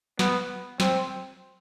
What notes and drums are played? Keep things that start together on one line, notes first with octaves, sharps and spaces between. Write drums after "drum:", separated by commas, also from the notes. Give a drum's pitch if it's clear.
B3, drum: snare
C4, drum: snare